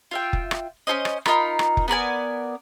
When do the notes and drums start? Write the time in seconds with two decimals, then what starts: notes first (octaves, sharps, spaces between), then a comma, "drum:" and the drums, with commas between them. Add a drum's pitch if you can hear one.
0.11 F4 E5 G5
0.33 drum: kick F1
0.51 drum: rim click
0.87 C#4 D#4 C5 D#5
1.05 drum: rim click
1.26 D#4 F4 A#4 B5, drum: rim click
1.59 drum: rim click
1.77 drum: kick F1
1.88 B3 A#4 D5 G#5